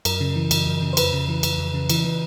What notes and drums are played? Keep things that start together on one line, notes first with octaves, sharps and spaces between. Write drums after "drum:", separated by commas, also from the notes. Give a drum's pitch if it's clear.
F#2 A#4, drum: cymbal
C#3
E3
F#2, drum: cymbal
F#2
C#3
C5
F2 B4, drum: cymbal
C#3
E3
F2, drum: cymbal
F2
C#3
E3, drum: cymbal
E3